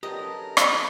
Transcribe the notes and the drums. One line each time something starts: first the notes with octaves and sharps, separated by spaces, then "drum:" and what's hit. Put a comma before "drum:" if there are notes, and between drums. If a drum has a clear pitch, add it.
D3 F#3 C#4 G4 A#4 B4 D#5
drum: rim click